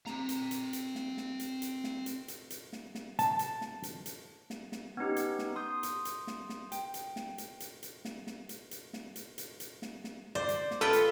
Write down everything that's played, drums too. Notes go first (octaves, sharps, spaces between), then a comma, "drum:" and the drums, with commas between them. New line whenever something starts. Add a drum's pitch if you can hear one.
C4 A#5, drum: snare
drum: hi-hat
drum: hi-hat
drum: hi-hat
drum: snare
drum: snare
drum: hi-hat
drum: hi-hat
drum: snare
drum: hi-hat
drum: hi-hat
drum: hi-hat
drum: snare
drum: snare
A5, drum: hi-hat
drum: hi-hat
drum: snare
drum: hi-hat
drum: hi-hat
drum: snare
drum: snare
B3 C#4 D#4 G4
drum: hi-hat
drum: snare
C6 D#6 G6
drum: hi-hat
drum: hi-hat
drum: snare
drum: snare
G5, drum: hi-hat
drum: hi-hat
drum: snare
drum: hi-hat
drum: hi-hat
drum: hi-hat
drum: snare
drum: snare
drum: hi-hat
drum: hi-hat
drum: snare
drum: hi-hat
drum: hi-hat
drum: hi-hat
drum: snare
drum: snare
C5 D5
drum: hi-hat
drum: snare
F4 A4 B4 G5
drum: hi-hat